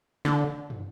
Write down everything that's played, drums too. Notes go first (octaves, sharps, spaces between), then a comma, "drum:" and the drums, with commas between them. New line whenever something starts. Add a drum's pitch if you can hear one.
D3, drum: snare
drum: tom